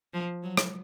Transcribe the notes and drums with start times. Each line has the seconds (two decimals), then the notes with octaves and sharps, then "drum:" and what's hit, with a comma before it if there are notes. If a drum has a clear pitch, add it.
0.14 F3
0.43 F#3
0.57 drum: rim click